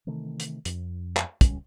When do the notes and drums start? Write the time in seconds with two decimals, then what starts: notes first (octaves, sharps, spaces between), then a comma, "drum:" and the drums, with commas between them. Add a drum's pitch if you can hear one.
0.07 C3 D#3 E3 A3
0.40 drum: hi-hat
0.65 F2, drum: hi-hat
1.17 drum: clap
1.41 D#1 C#2 G3 C#4, drum: kick, hi-hat